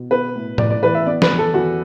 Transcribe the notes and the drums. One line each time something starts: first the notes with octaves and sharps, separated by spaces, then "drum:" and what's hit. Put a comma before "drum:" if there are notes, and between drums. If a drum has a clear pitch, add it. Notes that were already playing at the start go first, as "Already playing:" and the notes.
Already playing: B2
B3 B4
A2
A2 D5, drum: tom A2
D5
E3 B4
E5
B3 D5
B4, drum: snare
E2
A4
E2 F#4